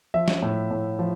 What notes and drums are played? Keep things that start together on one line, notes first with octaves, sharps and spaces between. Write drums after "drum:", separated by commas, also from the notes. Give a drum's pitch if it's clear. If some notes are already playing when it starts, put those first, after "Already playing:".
F3 E5
drum: snare
A2
A2
F3